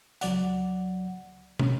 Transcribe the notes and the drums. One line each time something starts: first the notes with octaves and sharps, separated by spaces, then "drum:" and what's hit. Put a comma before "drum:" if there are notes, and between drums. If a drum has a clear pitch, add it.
C#2 F#3 D5 F#5, drum: hi-hat
C#4, drum: tom